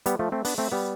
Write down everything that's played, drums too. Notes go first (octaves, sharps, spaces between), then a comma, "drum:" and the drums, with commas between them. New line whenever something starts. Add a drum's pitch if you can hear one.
G3 B3, drum: hi-hat
F3 A3
A3 C4
B3 D4, drum: open hi-hat
A3 C4
G3 B3